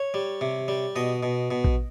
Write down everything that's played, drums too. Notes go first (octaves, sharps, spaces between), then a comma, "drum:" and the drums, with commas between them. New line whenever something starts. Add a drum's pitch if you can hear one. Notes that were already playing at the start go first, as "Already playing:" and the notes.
Already playing: C#5
G3
C3
G3
B2 D#5
B2
B2
drum: kick A#1